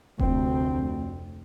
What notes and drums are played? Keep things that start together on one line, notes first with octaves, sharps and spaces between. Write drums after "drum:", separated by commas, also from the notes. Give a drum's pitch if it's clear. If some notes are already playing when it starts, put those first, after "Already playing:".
F1 D2 C4, drum: kick E1